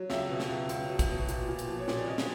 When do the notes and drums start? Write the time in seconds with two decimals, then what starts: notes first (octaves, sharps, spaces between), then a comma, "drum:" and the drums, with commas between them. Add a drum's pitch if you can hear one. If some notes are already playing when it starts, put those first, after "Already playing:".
Already playing: F#3
0.10 C#2 E5, drum: snare
0.30 B2
0.40 drum: snare
0.49 C#2
0.69 C#2, drum: hi-hat
0.89 B2
0.99 drum: kick, hi-hat
1.09 B2
1.29 A#2, drum: hi-hat
1.49 A#2
1.59 drum: hi-hat
1.68 F3
1.79 C#5
1.88 A#2 D5, drum: snare
2.08 A#2 D#5
2.18 drum: snare